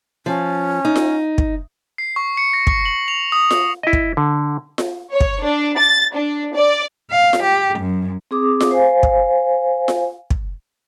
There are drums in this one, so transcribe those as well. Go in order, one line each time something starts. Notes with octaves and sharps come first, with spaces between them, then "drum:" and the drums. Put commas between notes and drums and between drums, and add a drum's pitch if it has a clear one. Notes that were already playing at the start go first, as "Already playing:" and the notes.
F3 C#4
D#4
drum: snare F4
drum: kick
C7
C#6
C#7
A#6
C#6, drum: kick
F#7
F7
D#6
drum: snare F4
E4 D#5
drum: kick
D3
drum: snare F4
C#5
drum: kick
D4
A6
D4
D5
F5
drum: snare F4
G4
F#2
C4 G#4 D6 D#6
drum: snare F4
C5 F5 G#5
drum: kick
drum: snare F4
drum: kick